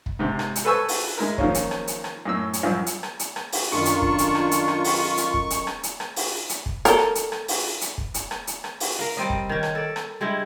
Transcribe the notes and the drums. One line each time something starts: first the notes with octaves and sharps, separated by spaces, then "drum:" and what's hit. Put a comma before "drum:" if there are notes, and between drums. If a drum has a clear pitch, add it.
drum: kick
G#2 C3
drum: rim click
drum: hi-hat
A4 B4 C5 G#5 C#6 E6
drum: open hi-hat
G#3 E4 A#4
D#3 F3 F#3 A#3 C#4, drum: kick
drum: hi-hat
drum: rim click
drum: hi-hat
drum: rim click
F#2 A2 E6
drum: hi-hat
C2 F#2 F3
drum: hi-hat
drum: rim click
drum: hi-hat
drum: rim click
drum: open hi-hat
F#2 D#3 D4 F4 A4 C#6
drum: hi-hat
drum: kick
drum: hi-hat
drum: rim click
drum: hi-hat
drum: rim click
drum: open hi-hat
drum: hi-hat
drum: kick
drum: hi-hat
drum: rim click
drum: hi-hat
drum: rim click
drum: open hi-hat
drum: hi-hat
drum: kick
A4 A#4, drum: hi-hat
drum: rim click
drum: hi-hat
drum: rim click
drum: open hi-hat
drum: hi-hat
drum: kick
drum: hi-hat
drum: rim click
drum: hi-hat
drum: rim click
drum: open hi-hat
A#4 F5
G3 C4 D#5
drum: kick
D#3 C#4
drum: rim click
A4 D5
drum: rim click
G3 G#3 D4 E4